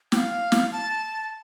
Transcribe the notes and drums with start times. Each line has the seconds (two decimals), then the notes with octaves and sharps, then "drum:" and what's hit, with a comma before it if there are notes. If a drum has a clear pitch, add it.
0.12 G5, drum: snare
0.16 F5
0.52 drum: snare
0.72 A5